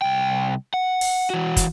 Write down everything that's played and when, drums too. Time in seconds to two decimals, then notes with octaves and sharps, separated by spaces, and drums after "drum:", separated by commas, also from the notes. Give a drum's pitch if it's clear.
0.02 C2 G5
0.74 F#5
1.01 drum: open hi-hat
1.30 E3 F#4
1.57 drum: kick, hi-hat